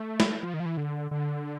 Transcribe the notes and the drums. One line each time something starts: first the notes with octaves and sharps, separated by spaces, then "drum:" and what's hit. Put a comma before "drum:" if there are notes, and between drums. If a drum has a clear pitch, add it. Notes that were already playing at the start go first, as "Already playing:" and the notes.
Already playing: A3
drum: snare
F3
D#3
F3
E3
D3
D3